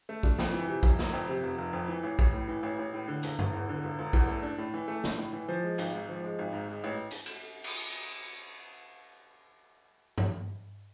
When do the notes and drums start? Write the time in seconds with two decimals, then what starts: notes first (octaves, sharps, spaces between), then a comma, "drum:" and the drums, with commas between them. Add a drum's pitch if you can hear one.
0.09 A3
0.23 D4, drum: kick
0.39 F2, drum: snare
0.53 E3
0.68 C3
0.83 F1, drum: kick
0.99 F1, drum: snare
1.13 F2
1.29 C3
1.43 F1
1.58 F1
1.73 F2
1.88 E3
2.03 A1
2.19 A1, drum: kick
2.33 A2
2.48 E3
2.63 A1
2.79 A1
2.94 A2
3.08 D3
3.23 E1, drum: hi-hat
3.39 E1, drum: tom G2
3.53 E2
3.69 D3
3.83 E1
3.99 E1
4.13 E2, drum: kick
4.28 A3
4.43 D4
4.58 A2
4.74 E3
4.88 A3
5.04 D4, drum: snare
5.18 A2
5.33 E3
5.48 F3
5.63 G#3
5.78 G#1, drum: hi-hat
5.93 G#2
6.09 F3
6.23 G#3
6.39 G#1
6.53 G#2
6.68 G#3
6.84 A1
7.11 drum: hi-hat
7.26 drum: cymbal
7.64 drum: cymbal
10.18 drum: tom G2